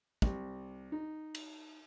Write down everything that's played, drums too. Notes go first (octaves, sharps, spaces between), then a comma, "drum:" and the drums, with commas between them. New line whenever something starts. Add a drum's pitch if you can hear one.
C2, drum: kick
D#4
drum: cymbal